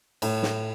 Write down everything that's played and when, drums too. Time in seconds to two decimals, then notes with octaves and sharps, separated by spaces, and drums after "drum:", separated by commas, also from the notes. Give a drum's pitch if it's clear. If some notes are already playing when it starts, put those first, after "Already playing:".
0.22 A2, drum: cymbal
0.43 drum: snare